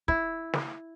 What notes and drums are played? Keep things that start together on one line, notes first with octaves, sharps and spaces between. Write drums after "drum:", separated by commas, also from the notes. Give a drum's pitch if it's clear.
E4, drum: kick
drum: snare